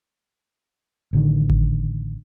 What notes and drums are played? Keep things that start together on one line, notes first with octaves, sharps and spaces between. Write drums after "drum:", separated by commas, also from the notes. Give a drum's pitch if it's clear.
A1 D3 D#3
drum: kick G#1